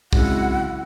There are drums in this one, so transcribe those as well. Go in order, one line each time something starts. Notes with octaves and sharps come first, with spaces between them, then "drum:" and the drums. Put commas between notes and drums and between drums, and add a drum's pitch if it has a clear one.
C#3 F#3 G#3 C4 E4 F#5, drum: kick